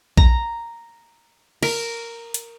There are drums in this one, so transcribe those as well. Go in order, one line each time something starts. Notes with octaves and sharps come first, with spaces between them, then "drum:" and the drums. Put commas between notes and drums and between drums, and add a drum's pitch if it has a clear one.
A#5, drum: kick A#1
A#4, drum: cymbal
drum: hi-hat